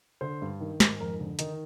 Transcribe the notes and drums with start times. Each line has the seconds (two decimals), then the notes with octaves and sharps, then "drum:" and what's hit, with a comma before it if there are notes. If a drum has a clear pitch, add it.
0.21 D3 C5
0.42 G2
0.60 D#3
0.80 G#2, drum: snare
1.00 F2 A#4
1.19 D3
1.39 D#3 D#4, drum: hi-hat